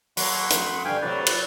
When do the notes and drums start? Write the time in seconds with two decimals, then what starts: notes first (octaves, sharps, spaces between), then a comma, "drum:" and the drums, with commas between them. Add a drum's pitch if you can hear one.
0.17 F#3 A#3 F#5 B5 C6, drum: open hi-hat
0.50 F2 A3, drum: hi-hat
0.85 G2 D3 F5 G5 G#5
1.02 A2 C3 F#3 B4 D5
1.27 drum: cymbal